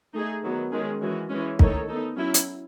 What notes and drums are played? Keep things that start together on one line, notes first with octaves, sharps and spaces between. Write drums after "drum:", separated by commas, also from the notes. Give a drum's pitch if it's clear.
A3 D#4 G#4
D#3 F#3 B3
D#3 G#3 C#4 G#4
E3 G#3 C#4 F#4
E3 G#3 C#4
D#3 A3 D#4 A4 C#5, drum: kick
B3 D#4 A4
F#3 C#4 E4
drum: hi-hat